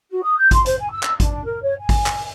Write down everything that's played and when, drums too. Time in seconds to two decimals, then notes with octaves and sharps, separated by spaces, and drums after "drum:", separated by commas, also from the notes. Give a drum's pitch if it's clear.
0.11 F#4
0.23 D#6
0.37 G6
0.51 C6, drum: kick G#1, hi-hat
0.66 C5, drum: hi-hat
0.79 G#5
0.91 E6
1.03 drum: clap
1.20 D4, drum: kick G#1, hi-hat
1.44 A#4
1.62 C#5
1.79 G#5
1.89 drum: kick G#1, open hi-hat
2.06 drum: clap